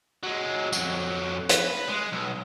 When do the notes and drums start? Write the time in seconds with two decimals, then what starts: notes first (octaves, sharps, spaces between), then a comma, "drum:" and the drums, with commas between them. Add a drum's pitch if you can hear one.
0.23 F#3 G#3
0.73 F2 F#3, drum: tambourine
1.49 B4, drum: hi-hat
1.88 G#3
2.12 B1